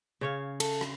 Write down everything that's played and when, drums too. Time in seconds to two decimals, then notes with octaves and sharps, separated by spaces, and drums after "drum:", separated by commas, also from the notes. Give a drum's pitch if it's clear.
0.21 C#3 C#5 F5
0.60 A4, drum: cymbal
0.81 drum: rim click